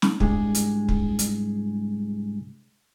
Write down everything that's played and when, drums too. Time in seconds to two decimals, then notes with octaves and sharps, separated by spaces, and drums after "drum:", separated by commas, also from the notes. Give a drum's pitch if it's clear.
0.02 drum: snare
0.20 C2 G#2 G#3 D4 G#4, drum: kick
0.55 drum: hi-hat
0.89 drum: kick
1.19 drum: hi-hat